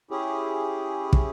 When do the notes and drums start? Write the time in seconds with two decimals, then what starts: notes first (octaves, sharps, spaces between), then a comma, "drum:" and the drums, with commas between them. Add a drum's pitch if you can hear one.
0.11 C#4 E4 G4 G#4
1.13 drum: kick